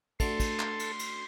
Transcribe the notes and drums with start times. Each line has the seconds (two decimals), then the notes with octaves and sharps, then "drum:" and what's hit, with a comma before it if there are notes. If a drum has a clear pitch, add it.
0.20 A3 D4 F#4 A4 C6, drum: kick, cymbal
0.40 drum: kick, cymbal
0.60 drum: clap
0.79 drum: cymbal
0.99 drum: cymbal